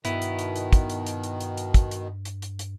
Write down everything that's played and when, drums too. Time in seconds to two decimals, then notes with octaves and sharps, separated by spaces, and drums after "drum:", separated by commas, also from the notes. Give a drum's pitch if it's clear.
0.05 G2 B2 D#3 B3 E4, drum: hi-hat
0.22 drum: hi-hat
0.39 drum: hi-hat
0.56 drum: hi-hat
0.73 drum: kick, hi-hat
0.90 drum: hi-hat
1.07 drum: hi-hat
1.23 drum: hi-hat
1.40 drum: hi-hat
1.57 drum: hi-hat
1.74 drum: kick, hi-hat
1.91 drum: hi-hat
2.25 drum: hi-hat
2.42 drum: hi-hat
2.59 drum: hi-hat